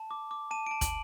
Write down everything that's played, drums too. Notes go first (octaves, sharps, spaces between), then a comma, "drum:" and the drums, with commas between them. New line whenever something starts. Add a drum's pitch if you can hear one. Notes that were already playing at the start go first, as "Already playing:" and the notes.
Already playing: A5
D6
D6
A5 D#7
A5 D7
F#7, drum: kick, hi-hat